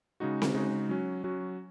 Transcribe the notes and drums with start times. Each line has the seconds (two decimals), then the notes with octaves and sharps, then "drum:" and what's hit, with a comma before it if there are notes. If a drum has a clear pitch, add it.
0.20 C#3 G#3 D#4 F#4
0.42 drum: snare C4
0.54 C#3 G#3 D#4 F#4
0.89 F#3 C#4 F#4
1.24 F#3 C#4 F#4